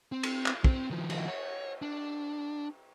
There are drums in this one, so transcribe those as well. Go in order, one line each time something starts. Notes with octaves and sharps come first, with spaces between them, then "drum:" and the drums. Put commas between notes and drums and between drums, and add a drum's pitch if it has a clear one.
C4
drum: cymbal
drum: clap
C4 C5, drum: kick
D#3 F3
drum: cymbal
C#5
D4